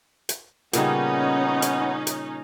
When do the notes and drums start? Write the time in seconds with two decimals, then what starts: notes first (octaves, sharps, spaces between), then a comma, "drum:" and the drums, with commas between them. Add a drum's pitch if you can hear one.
0.29 drum: hi-hat
0.73 A#2 C#3 G3 B3 C#4 D#4, drum: hi-hat
1.62 drum: hi-hat
2.07 drum: hi-hat